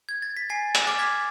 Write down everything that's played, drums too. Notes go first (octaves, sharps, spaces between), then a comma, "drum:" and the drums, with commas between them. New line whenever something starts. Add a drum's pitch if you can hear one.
G#6
A6
B6
G#5 A6 C7
A6, drum: hi-hat
D6 F6
G#6 B6